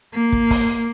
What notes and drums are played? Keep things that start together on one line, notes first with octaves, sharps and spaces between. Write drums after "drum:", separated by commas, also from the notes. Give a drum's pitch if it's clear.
A#3
drum: kick
drum: kick, open hi-hat